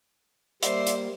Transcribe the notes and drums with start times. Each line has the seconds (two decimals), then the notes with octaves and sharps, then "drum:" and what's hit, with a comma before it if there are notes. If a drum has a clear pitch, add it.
0.63 G3 A#3 C5 D5 E5 C6, drum: hi-hat
0.87 drum: hi-hat